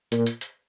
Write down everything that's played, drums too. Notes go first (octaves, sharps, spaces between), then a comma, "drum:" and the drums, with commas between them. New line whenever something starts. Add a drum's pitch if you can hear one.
A#2, drum: hi-hat
drum: hi-hat
drum: hi-hat